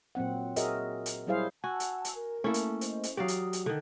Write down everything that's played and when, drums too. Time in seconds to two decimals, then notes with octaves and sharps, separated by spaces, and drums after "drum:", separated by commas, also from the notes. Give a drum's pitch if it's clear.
0.15 A#2 F#3 C4 F#5
0.56 F#4 G#4 A#4 D#5 E5, drum: hi-hat
1.06 drum: hi-hat
1.27 F#3 G3 E4 G#4 C5 F5
1.64 F#4 F#5 G#5 A5 E6
1.80 drum: hi-hat
2.05 drum: hi-hat
2.16 A#4
2.44 A3 A#3 C#4 E4 A4
2.54 drum: hi-hat
2.81 C5 D#5, drum: hi-hat
3.03 drum: hi-hat
3.17 F#3 F#4 G4 D5 F5 D#6
3.28 drum: hi-hat
3.53 drum: hi-hat
3.66 D3 D#3